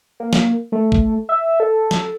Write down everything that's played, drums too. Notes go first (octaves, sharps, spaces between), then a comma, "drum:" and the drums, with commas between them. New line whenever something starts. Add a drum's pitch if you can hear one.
A#3
drum: snare
A3
drum: kick
E5
A4
drum: snare